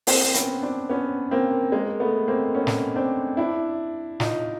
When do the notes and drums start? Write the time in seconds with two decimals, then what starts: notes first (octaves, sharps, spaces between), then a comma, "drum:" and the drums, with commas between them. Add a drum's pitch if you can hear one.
0.07 A#3 C4, drum: open hi-hat
0.24 C4
0.34 B3 C#4, drum: hi-hat
0.62 C4 D4
0.89 B3 C#4
1.31 A#3 C4
1.72 G#3 A#3
2.00 A3 B3
2.28 A#3 C4
2.55 B3 C#4
2.67 drum: snare
2.96 C4 D4
3.37 D4 E4
4.20 D#4 F4, drum: snare